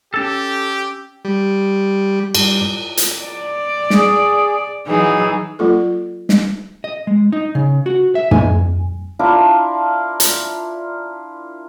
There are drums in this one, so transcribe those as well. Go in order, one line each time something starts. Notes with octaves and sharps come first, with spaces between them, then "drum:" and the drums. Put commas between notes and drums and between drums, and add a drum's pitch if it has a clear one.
C#4 G4 A4 A5 E6
G3
G2, drum: cymbal
drum: hi-hat
D5
G#4, drum: snare
E3 F#3 D#4 G#4
F#3 A#3 F4 A4
drum: snare
D#5
G#3
D#4
C#3
F#4
E5
G#5, drum: tom
D4 E4 F4 A#4
drum: hi-hat